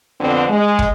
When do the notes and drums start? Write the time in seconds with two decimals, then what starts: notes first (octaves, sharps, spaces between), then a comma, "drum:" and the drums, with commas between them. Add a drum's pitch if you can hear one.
0.20 F2 D3 B3 C4
0.49 G#3
0.79 drum: kick